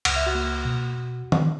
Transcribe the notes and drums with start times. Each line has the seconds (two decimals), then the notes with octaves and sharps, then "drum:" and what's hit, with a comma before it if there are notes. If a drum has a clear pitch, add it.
0.05 C#2 F#5, drum: cymbal
0.16 E5
0.26 F#4 F#5
0.35 A#3
0.65 B2
1.32 drum: tom D#3